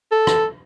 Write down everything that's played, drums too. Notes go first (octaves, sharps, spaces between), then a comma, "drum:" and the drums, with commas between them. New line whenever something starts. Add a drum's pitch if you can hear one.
A4
drum: rim click